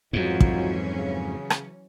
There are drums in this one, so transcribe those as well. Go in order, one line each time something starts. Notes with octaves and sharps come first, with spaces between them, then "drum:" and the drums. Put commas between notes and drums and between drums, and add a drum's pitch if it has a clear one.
F2 G#2 E3 F#3 C#4 D#4 F4 F#4
drum: kick
C#3
drum: rim click